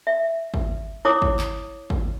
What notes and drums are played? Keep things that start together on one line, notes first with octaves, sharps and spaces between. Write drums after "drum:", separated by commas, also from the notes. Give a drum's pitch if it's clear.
E5
drum: kick
E4 C#5 D6 D#6
drum: kick
drum: clap
drum: kick